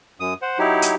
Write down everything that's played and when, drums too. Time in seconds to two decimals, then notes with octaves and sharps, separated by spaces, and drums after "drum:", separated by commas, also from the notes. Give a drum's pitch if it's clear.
0.20 F#2 D#6
0.42 C5 F#5
0.59 F#3 D#4 E4 G4
0.82 drum: hi-hat